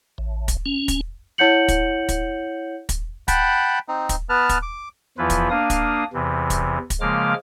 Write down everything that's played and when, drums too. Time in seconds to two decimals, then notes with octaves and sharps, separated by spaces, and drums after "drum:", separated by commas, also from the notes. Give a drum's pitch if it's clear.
0.18 A1
0.48 drum: kick, hi-hat
0.66 C#4
0.88 drum: kick, hi-hat
1.38 E4 C#5 F#5 G6 C#7 F#7
1.68 drum: kick, hi-hat
2.09 drum: kick, hi-hat
2.89 drum: kick, hi-hat
3.28 F#5 G5 A5 B5, drum: kick, hi-hat
3.88 C4 D#4
4.09 drum: kick, hi-hat
4.29 B3 B4 A5 F6
4.49 drum: kick, hi-hat
4.62 D6
5.18 E2 E3 F3 E4 F4 B4
5.30 drum: kick, hi-hat
5.50 A#3 D4 F5 D#6
5.70 drum: kick, hi-hat
6.13 E2 C3 E3
6.50 drum: kick, hi-hat
6.90 drum: kick, hi-hat
7.01 C#3 F3 G#3 A#3 D6 F6